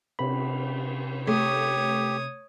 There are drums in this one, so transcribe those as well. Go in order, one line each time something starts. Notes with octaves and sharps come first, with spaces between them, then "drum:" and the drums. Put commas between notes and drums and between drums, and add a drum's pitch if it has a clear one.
C3 B5, drum: cymbal
A3 G4 C#5 D#6